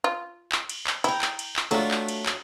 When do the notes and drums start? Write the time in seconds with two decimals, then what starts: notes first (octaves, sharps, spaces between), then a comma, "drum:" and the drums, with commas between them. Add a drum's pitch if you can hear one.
0.04 F4
0.52 drum: clap
0.69 drum: cymbal
0.87 drum: clap
1.04 E4 G5 A#5, drum: cymbal
1.22 drum: clap
1.39 drum: cymbal
1.56 drum: clap
1.71 F#3 A3 D4 F4, drum: cymbal
1.91 drum: clap
2.08 drum: cymbal
2.26 drum: clap